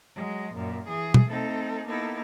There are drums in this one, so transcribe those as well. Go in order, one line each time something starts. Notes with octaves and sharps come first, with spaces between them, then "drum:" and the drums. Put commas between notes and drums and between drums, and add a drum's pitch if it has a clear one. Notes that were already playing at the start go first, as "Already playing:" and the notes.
F#3 G#3
F#2 A#2
E3 G#4
drum: tom
A3 C4 D#4 A4
A#3 B3 D#4 E4 A4